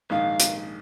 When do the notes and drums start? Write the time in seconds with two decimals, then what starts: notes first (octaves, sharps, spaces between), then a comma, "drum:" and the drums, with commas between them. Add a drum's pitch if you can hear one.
0.10 A#1 G#2 D#3 F5
0.39 drum: hi-hat